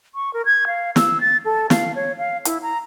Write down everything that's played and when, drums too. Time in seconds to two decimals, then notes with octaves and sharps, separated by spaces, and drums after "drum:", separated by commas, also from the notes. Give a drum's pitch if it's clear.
0.15 C#6
0.33 A#4
0.46 G#6
0.67 F5
0.96 E6, drum: snare
1.21 A6
1.45 A4
1.70 F5, drum: snare
1.95 C#5
2.18 F5
2.45 E4, drum: hi-hat
2.62 A#5